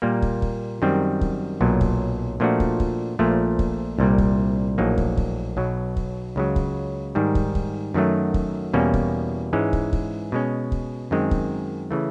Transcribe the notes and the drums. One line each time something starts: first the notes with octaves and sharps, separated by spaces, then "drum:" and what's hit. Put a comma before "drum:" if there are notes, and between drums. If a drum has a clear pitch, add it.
A#2 G3 A#3
drum: kick
drum: kick
F#2 D#3 G3 C4
drum: kick
B1 A#2 F#3
drum: kick
A#2 F3 A3 D4 F#4
drum: kick
drum: kick
A#1 A#2 F3 A3
drum: kick
C2 A#2 G3
drum: kick
A#1 A2 F#3 A#3 D#4
drum: kick
drum: kick
B1 B2 F#3
drum: kick
C#2 C#3 F#3
drum: kick
G#2 D#3 G3
drum: kick
drum: kick
F#2 D#3 F#3 A3
drum: kick
E2 B2 G3 A#3 C#4
drum: kick
G#2 E3 G#3 C#4
drum: kick
drum: kick
B2 G#3 C#4
drum: kick
F#2 D#3 G#3 C4
drum: kick
C#3 E3 A3